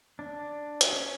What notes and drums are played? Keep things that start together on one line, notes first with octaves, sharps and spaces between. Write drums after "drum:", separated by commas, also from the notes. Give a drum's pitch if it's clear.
D4
drum: hi-hat
C#4